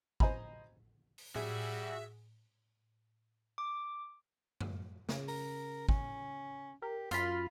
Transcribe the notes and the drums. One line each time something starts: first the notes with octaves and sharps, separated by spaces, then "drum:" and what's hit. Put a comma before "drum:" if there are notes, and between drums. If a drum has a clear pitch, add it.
C5 D#5 G#5 A#5 B5, drum: kick
drum: open hi-hat
G3 F#4 G#4 E5, drum: tom A2
D6
drum: tom F#2
C#3, drum: snare
A#4, drum: open hi-hat
C#4, drum: kick
G4 A#4
F#2 F4 B5 C6, drum: hi-hat